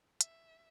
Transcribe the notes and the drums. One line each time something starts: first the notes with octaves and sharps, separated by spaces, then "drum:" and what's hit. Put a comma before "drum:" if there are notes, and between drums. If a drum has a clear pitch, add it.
E5, drum: hi-hat